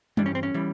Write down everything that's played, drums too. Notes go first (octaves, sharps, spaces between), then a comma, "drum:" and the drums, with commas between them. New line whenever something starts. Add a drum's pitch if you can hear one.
G2 E3 G3 D4, drum: tom G3
C#4
C4
C#4
E3 G3